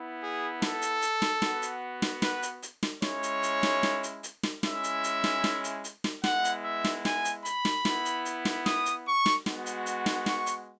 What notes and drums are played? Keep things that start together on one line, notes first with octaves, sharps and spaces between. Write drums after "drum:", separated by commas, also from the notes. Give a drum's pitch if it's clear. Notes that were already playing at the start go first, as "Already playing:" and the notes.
Already playing: B3 E4
G#4
A4, drum: snare
drum: hi-hat
drum: hi-hat
drum: snare
B3 F#4, drum: snare
drum: hi-hat
drum: snare
B4, drum: snare
drum: hi-hat
drum: hi-hat
drum: snare
G#3 C#4 E4 C#5, drum: snare
drum: hi-hat
drum: hi-hat
drum: snare
drum: snare
drum: hi-hat
drum: hi-hat
drum: snare
G#3 C#4 E4 E5, drum: snare
drum: hi-hat
drum: hi-hat
drum: snare
drum: snare
drum: hi-hat
drum: hi-hat
drum: snare
G#3 B3 E4 F#5, drum: snare
drum: hi-hat
E5
drum: snare
G#5, drum: snare
drum: hi-hat
B5, drum: hi-hat
drum: snare
B3 E4, drum: snare
drum: hi-hat
drum: hi-hat
drum: snare
D#6, drum: snare
drum: hi-hat
C#6
drum: snare
G#3 B3 F#4, drum: snare
drum: hi-hat
drum: hi-hat
drum: snare
C#6, drum: snare
drum: hi-hat